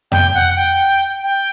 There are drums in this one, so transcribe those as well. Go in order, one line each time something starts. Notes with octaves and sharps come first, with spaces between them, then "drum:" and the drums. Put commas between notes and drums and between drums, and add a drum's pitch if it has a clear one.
G5, drum: tom F2
F#5
G5
G5